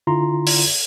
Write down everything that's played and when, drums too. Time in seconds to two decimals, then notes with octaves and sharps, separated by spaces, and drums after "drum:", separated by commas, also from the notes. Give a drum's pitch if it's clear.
0.07 D3 E4 F4 A#5 C6
0.47 drum: open hi-hat